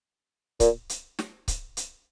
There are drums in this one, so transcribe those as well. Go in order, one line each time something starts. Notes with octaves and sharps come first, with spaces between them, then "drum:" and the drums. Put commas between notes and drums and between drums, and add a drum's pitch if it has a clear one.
A#2, drum: kick C#1, hi-hat
drum: hi-hat
drum: snare
drum: kick C#1, hi-hat
drum: hi-hat